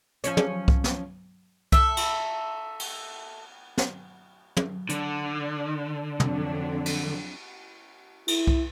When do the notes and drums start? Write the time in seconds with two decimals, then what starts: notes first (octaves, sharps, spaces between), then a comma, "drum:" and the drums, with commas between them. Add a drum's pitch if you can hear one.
0.24 F3 C#4 C#5, drum: hi-hat
0.37 drum: tom
0.68 drum: kick C2
0.84 drum: snare
1.72 A4 E5, drum: kick C2
1.97 drum: cymbal
2.80 drum: cymbal
3.78 drum: snare
4.57 drum: tom
4.89 D3, drum: hi-hat
6.20 F2 F#3 D4, drum: tom
6.86 drum: cymbal
8.28 E4, drum: cymbal
8.47 drum: kick C2